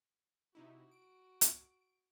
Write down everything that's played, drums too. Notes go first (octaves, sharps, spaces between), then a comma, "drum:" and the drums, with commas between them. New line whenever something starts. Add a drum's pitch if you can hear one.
C3 D#4 E4 F#4
D7
drum: hi-hat